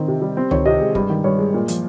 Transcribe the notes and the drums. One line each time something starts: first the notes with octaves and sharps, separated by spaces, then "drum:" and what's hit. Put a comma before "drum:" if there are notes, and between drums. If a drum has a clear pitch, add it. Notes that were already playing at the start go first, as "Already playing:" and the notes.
Already playing: D#3 C4
C3
G3
C4
D#3 C#5, drum: tom C#2
C3 D#5
G#3
G2, drum: kick
D#3
G2 C#5
G#3
A#2
F3, drum: hi-hat